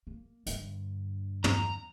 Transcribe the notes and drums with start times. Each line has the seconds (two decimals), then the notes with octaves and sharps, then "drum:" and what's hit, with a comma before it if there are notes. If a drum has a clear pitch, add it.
0.07 A#3
0.46 G2 D3, drum: hi-hat
1.44 A#5, drum: tom